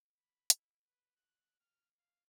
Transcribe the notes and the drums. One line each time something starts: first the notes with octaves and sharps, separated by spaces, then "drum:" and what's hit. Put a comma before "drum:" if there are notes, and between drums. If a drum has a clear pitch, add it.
B5
E4, drum: hi-hat
B4
F#6
F6
F5